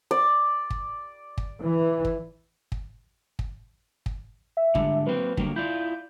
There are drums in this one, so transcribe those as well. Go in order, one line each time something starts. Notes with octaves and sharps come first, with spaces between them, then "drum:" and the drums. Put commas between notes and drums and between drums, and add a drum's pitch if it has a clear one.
D5
drum: kick
drum: kick
E3
drum: kick
drum: kick
drum: kick
drum: kick
E5
G#2 D3 G3, drum: kick
F#3 A#3 C4 B4
D3 F#3 G3 A#3, drum: kick
E4 F4 D5 G6